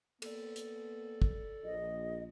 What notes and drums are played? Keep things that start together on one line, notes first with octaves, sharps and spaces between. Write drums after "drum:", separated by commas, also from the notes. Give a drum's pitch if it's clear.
A#3 B3 A4 D5, drum: cymbal
drum: hi-hat
drum: kick
A#1 D#5